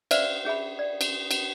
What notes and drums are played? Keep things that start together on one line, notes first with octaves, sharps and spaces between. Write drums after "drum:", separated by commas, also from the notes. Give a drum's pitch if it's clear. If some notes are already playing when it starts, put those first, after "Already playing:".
B4 C5 D5 E5 F5, drum: cymbal
C#4 G#4 E5 B5
D5
drum: cymbal
drum: cymbal